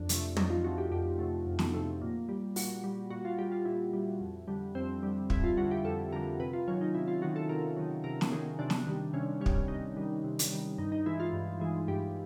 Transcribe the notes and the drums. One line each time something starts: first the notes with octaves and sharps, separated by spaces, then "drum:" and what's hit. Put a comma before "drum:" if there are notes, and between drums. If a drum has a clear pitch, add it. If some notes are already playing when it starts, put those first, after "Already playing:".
Already playing: F2 D4
C3 F3 A3, drum: hi-hat
F2 D#4, drum: tom
F4
C3 F3 A3 F#4
G4
F2 G4
C3 F3 A3
F2
drum: snare
C3 F3 A3
A#2
G3
A#2 F#4, drum: open hi-hat
G3
A#2 F#4
F4
G3 G4
F4
A#2 E4
G3
F2
D3 G3
F2 C4
D3 G3
F2 E4, drum: kick
F4
D3 G3 F#4
G4
F2 A4
D3 G3 A#4
C3 B4
F4
D#3 F#3 C#4
D#4
C3 E4
F4
D#3 F#3 F#4
A4
C3 A#4
D#3 F#3
C3 A#4
drum: snare
D#3 F#3 G#4
C3 D4
drum: snare
D#3 G3
C3 C#4
G3 C#4
D#3, drum: kick
C#4
C3 D#4
D#3 G3
C3
drum: hi-hat
D#3 G3
G2 D#4
D#4
E3 G#3 E4
F4
G2
E3 G#3
G2 G4